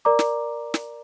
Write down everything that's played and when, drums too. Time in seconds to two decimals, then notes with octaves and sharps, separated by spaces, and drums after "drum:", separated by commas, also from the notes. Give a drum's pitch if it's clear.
0.05 A#4 D5 A#5 D6
0.19 drum: snare
0.74 drum: snare